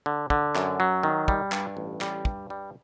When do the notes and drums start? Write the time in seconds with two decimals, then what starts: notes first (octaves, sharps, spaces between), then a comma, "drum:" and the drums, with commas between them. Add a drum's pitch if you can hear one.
0.06 D3
0.30 D3, drum: kick
0.55 F#2, drum: clap
0.80 F#3
1.03 D#3
1.28 G3, drum: kick
1.52 G2, drum: clap
1.77 A1
2.01 G3, drum: clap
2.25 G2, drum: kick
2.50 G3